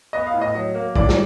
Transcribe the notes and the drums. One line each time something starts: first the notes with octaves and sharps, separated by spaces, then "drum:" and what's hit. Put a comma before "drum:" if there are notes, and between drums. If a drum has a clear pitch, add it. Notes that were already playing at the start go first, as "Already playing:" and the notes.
B3 D#5
F5
A2
D#5
F#3
A#3
A2 D5, drum: kick
drum: snare